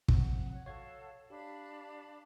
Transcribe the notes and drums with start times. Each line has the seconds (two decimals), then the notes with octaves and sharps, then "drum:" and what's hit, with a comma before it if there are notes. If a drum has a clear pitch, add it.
0.08 C3 F3 C4 F#5, drum: kick
0.52 C#5 F#5
0.66 F#4 A4 C#5 F5 G#6
1.30 D4 G4 F5 B5